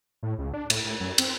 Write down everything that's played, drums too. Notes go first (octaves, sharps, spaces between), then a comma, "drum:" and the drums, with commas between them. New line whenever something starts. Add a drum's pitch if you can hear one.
A2
C#2
D4
A2, drum: cymbal
A2
F#2
C4, drum: cymbal